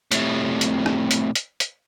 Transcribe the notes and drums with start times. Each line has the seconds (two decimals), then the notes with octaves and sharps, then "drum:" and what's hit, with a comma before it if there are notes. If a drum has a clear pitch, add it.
0.12 A2 C3, drum: hi-hat
0.61 drum: hi-hat
0.86 drum: rim click
1.11 drum: hi-hat
1.35 drum: hi-hat
1.60 drum: hi-hat